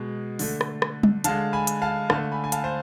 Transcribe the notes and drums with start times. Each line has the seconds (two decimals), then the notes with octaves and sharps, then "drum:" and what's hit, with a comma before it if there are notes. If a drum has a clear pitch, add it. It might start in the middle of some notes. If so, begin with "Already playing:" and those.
Already playing: B2 G#3
0.39 D3 A3, drum: open hi-hat
0.61 drum: rim click
0.82 drum: rim click
1.03 drum: tom G3
1.24 D3 G#3 F5 A5, drum: hi-hat
1.53 G#5 B5
1.67 drum: hi-hat
1.82 F5 A5
2.10 D3 A3 F5 A5, drum: rim click
2.32 G#5 B5
2.44 G#5
2.52 F5 A5, drum: hi-hat
2.64 C5